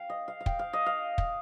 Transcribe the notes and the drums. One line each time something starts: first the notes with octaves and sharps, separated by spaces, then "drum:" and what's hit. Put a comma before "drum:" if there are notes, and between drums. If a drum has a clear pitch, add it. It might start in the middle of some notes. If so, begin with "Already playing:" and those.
Already playing: F5 G5
D#5
F5
F5
G5, drum: kick
F5
D#5
F5
drum: kick